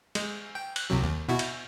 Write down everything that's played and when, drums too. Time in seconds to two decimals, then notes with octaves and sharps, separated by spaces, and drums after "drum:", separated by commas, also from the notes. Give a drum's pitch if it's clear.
0.15 G#3, drum: cymbal
0.55 G5
0.76 F#6, drum: cymbal
0.90 C2 C3 F#3
1.04 D#2
1.29 B2 E4 F#4
1.39 drum: cymbal